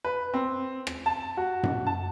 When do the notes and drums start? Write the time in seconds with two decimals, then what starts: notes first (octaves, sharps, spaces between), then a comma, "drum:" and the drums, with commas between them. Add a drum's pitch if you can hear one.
0.05 B4
0.34 C4
0.87 drum: rim click
1.06 A5
1.37 F#4
1.63 drum: tom F#2
1.87 A5